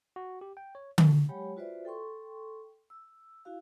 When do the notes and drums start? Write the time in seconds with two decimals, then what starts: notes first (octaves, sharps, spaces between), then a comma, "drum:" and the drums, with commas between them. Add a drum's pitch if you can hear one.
0.16 F#4
0.41 G4
0.57 G5
0.75 C#5
0.98 B2, drum: tom D3
1.29 F#3 G#3 G4 C#5 G5 B5
1.57 F4 F#4 B4 C5 D5 E5
1.85 A4 G5 C6 C#6
2.90 E6
3.45 E4 F#4 F5